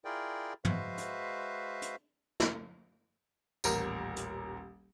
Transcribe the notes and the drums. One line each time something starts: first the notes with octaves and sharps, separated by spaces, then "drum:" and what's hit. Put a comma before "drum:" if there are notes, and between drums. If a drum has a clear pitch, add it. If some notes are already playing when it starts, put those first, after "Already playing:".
E4 F4 G#4 A#4 D5 G5
G#3 F#4 B4 C5 E5 F5, drum: tom
drum: hi-hat
drum: hi-hat
drum: snare
D#1 A1 A#4, drum: tambourine
drum: hi-hat